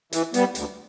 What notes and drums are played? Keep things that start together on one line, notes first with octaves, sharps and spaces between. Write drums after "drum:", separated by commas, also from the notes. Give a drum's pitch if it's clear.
E3, drum: hi-hat
G3 B3, drum: hi-hat
D2, drum: hi-hat